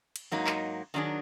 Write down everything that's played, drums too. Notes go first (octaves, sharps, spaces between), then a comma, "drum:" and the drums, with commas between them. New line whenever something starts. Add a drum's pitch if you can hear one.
drum: cymbal
G#2 F#3 A#3 D#4
drum: clap
D#3 F#3 D4 G#4